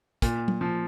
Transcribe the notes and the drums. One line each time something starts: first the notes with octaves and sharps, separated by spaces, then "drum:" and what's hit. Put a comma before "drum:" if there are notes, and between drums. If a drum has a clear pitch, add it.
A#2, drum: kick, hi-hat
drum: tom F#3
F3